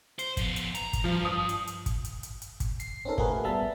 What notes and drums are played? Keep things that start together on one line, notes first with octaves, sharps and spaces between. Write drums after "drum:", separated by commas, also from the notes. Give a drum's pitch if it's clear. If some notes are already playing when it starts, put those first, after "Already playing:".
C5, drum: hi-hat
F3 B3, drum: kick, hi-hat
drum: hi-hat
A#5, drum: hi-hat
drum: kick, hi-hat
G2 F3
D#6
drum: hi-hat
drum: hi-hat
drum: kick, hi-hat
drum: hi-hat
drum: hi-hat
drum: hi-hat
drum: kick, hi-hat
C7, drum: hi-hat
C4 C#4 D#4 A4 A#4
A3 A#3 F#4 G#4 A#4 B4, drum: kick
G3 B3 E5 A5